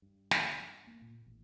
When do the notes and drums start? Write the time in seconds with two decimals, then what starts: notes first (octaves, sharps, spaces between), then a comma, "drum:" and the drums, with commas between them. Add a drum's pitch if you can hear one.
0.02 G2
0.31 drum: snare
0.87 A#3
1.02 A#2
1.27 A1